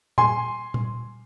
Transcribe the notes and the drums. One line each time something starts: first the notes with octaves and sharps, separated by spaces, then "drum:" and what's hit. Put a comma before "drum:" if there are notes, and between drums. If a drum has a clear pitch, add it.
G#5 C6, drum: tom A#2
drum: tom A#2